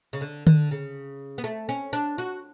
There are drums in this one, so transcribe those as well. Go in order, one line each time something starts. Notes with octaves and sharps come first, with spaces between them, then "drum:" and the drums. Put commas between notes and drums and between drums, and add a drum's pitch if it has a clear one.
C#3
D3
D3, drum: tom D3
C#3
B3
A3
C#4
D4
F#4